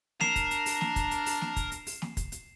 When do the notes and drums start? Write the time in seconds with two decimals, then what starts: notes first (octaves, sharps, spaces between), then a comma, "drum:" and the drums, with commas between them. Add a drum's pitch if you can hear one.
0.21 D4 A#4 C7 E7 F7, drum: snare
0.36 drum: kick, hi-hat
0.51 drum: hi-hat
0.66 drum: open hi-hat
0.81 drum: snare
0.96 drum: kick, hi-hat
1.11 drum: hi-hat
1.26 drum: open hi-hat
1.41 drum: snare
1.56 drum: kick, hi-hat
1.72 drum: hi-hat
1.87 drum: open hi-hat
2.02 drum: snare
2.17 drum: kick, hi-hat
2.32 drum: hi-hat